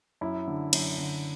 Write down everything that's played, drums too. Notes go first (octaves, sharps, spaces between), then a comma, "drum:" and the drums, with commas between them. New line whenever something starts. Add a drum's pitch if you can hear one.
F#2 E4
D3
F#2, drum: cymbal
D3